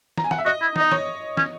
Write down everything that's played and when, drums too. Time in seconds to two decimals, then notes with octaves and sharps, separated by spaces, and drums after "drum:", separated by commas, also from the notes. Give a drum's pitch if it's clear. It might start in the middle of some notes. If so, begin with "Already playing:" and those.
0.18 A#5, drum: snare
0.24 G#5
0.31 F#5, drum: snare
0.38 E5
0.45 F#4 D#5
0.61 E4
0.76 D#4 D#5, drum: snare
0.92 C#5, drum: snare
1.37 C#4, drum: snare